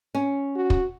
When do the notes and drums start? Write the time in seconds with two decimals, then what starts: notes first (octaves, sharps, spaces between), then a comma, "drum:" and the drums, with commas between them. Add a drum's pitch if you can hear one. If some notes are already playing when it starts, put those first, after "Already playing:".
0.15 C#4
0.55 F#4
0.70 drum: kick